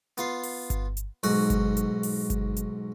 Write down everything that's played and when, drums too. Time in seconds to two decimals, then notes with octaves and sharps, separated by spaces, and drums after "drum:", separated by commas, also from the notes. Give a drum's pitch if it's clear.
0.18 B3 F4 C6, drum: hi-hat
0.43 drum: open hi-hat
0.70 drum: kick G1, hi-hat
0.97 drum: hi-hat
1.23 B1 G#2 F#4 F#5, drum: open hi-hat
1.50 drum: kick G1, hi-hat
1.77 drum: hi-hat
2.03 drum: open hi-hat
2.30 drum: kick G1, hi-hat
2.57 drum: hi-hat